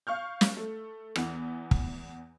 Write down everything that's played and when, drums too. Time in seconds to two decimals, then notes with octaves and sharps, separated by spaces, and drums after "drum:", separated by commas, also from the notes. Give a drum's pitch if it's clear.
0.07 F5 C#6 F6 G6
0.41 drum: snare
0.57 A3
1.16 E2 E3 B3, drum: rim click
1.71 drum: kick